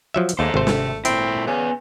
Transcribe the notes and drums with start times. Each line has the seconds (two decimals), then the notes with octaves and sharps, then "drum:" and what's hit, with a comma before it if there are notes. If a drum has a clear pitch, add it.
0.14 F3 F#3 E5
0.29 drum: hi-hat
0.39 D#2 A3 G#4 C5
0.54 G#1 C3 C5
0.67 drum: snare
1.05 A#2 C4 E4, drum: hi-hat
1.47 C#3 B3 G#5